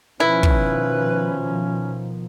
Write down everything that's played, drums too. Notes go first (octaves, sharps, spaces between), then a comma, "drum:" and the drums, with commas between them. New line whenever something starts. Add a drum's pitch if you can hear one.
B2 D#3 F3 C#4 E4 B4
drum: kick